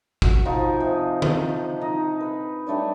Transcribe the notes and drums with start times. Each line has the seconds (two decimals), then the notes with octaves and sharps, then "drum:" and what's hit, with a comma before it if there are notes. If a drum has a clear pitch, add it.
0.22 F#4, drum: kick
0.45 F3 D#4 G#4 C#6
0.80 C3
1.22 drum: tom D3
1.81 D#4 A#5
2.21 B4
2.67 G3 A3 D4 C#5